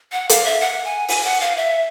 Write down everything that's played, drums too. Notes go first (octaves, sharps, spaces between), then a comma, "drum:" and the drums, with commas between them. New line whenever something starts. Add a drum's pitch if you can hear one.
F#5
F5, drum: hi-hat
E5
F#5
G#5
G#5, drum: open hi-hat
F#5
F5
E5